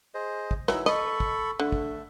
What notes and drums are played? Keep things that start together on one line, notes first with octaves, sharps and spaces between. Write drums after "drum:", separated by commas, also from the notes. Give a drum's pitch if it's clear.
G#4 C5 D#5
drum: kick
E3 F#3 D#4 E4 E6, drum: snare
A4 D#5 B5 C#6, drum: snare
drum: kick
D3 A3 E5
drum: kick